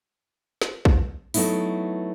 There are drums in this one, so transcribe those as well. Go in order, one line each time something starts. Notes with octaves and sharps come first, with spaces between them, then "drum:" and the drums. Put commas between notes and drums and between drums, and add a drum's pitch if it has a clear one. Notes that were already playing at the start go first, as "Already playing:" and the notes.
drum: snare
drum: kick A#1
F#3 A3 B3 D#4 E4, drum: open hi-hat